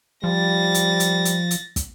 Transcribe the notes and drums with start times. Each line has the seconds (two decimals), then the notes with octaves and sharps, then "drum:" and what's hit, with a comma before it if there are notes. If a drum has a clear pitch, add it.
0.24 F3 G3 A6 A#6
0.74 drum: hi-hat
1.00 drum: hi-hat
1.25 drum: hi-hat
1.51 drum: hi-hat
1.76 drum: kick, hi-hat